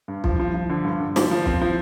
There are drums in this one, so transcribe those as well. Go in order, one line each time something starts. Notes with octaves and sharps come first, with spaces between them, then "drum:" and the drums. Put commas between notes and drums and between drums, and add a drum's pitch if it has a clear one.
G2
F3, drum: kick B1
F3
F3
D3
G2
D3
F3, drum: snare
F3
C4, drum: kick B1
F3